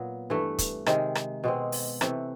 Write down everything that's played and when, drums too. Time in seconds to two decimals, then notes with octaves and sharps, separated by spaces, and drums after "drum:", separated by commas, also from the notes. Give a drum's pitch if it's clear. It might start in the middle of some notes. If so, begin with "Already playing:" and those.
Already playing: A#2 F#3 B3
0.30 G2 E3 A3
0.58 drum: kick, hi-hat
0.86 C3 D#3 G#3, drum: rim click
1.15 drum: rim click
1.44 B2 G#3 C4
1.72 drum: open hi-hat
2.01 C3 E3 A3, drum: rim click